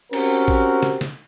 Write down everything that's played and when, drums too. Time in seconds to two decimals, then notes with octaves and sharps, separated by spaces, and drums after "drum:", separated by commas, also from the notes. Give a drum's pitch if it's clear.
0.13 C4 C#4 F#4 G4 A#4, drum: cymbal
0.48 drum: kick
0.83 drum: snare
1.01 drum: snare